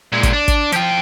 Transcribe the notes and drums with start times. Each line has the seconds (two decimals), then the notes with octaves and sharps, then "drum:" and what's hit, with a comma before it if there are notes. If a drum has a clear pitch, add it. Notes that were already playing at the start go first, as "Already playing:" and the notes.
0.12 A#2 G#3
0.23 drum: kick, hi-hat
0.33 D4
0.48 drum: kick, hi-hat
0.72 F3 G5, drum: hi-hat